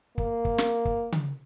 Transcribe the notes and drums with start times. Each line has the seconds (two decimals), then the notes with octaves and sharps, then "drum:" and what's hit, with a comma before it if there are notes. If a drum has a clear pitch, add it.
0.18 A#3, drum: kick
0.45 drum: kick
0.58 drum: snare
0.85 drum: kick
1.12 drum: tom C#3